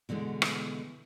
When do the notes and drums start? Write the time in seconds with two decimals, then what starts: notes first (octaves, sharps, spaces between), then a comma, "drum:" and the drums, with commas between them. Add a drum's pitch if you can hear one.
0.09 B2 D3 E3 G#3
0.42 drum: rim click